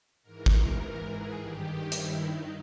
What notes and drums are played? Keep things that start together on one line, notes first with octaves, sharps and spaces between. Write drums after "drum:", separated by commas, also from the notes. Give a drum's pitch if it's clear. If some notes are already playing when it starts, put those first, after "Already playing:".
G#2 E3 A#4
drum: kick
A#4
G#4
G2 D#3 G4
E4, drum: hi-hat
D#4